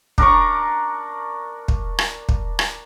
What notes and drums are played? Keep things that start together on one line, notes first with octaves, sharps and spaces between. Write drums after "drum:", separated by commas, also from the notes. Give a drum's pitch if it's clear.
D4 A#4 A#5 C#6, drum: kick
drum: kick
drum: rim click
drum: kick
drum: rim click